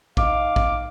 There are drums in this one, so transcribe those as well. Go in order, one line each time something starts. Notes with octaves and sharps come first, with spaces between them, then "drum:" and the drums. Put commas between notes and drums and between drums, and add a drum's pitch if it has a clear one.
D#4 F5 D6, drum: kick A#1
drum: kick A#1